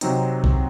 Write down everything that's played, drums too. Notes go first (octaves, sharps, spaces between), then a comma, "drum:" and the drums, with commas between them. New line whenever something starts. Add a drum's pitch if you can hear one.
C3 F#3 C4 D#4, drum: hi-hat
drum: kick B1